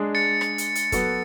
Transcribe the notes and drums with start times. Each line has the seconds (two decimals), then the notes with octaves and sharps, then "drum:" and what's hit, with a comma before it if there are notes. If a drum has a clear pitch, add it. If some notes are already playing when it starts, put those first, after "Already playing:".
Already playing: G#3 D4 G#4
0.15 A6 C#7
0.41 drum: rim click
0.58 drum: hi-hat
0.75 drum: hi-hat
0.92 F#3 B3 F#4 A4, drum: kick, hi-hat